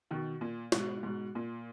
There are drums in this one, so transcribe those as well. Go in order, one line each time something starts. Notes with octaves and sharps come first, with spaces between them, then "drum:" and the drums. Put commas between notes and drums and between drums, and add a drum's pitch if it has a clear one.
B2 D#3
A#2
G#2 B2, drum: snare
G#2 B2
A#2